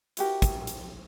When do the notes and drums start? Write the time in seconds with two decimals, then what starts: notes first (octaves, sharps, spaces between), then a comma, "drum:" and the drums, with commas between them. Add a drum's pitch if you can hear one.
0.17 E4 F#4 G4 A#4, drum: hi-hat
0.42 drum: kick, hi-hat
0.67 drum: hi-hat